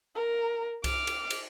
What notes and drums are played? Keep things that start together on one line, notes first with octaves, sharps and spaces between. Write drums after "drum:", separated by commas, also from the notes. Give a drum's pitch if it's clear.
A#4
D6 F6, drum: kick C2, cymbal
drum: cymbal
drum: cymbal